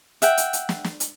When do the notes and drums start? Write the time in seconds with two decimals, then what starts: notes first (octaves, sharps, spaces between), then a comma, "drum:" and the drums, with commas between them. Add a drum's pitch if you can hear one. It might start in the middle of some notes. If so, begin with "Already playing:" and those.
0.22 E5 F#5 G5, drum: hi-hat
0.37 drum: hi-hat
0.53 drum: hi-hat
0.69 drum: snare
0.84 drum: snare
1.00 drum: hi-hat